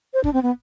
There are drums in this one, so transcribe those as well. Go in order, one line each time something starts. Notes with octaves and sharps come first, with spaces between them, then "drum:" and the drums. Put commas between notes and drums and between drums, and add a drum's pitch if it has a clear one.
C5
D4, drum: kick
C4
B3